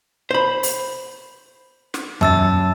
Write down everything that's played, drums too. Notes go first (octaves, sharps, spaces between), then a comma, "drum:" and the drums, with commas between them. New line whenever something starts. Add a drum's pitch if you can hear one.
C5 B5
drum: open hi-hat
drum: snare
F#2 A5 E6 A6, drum: tom D#2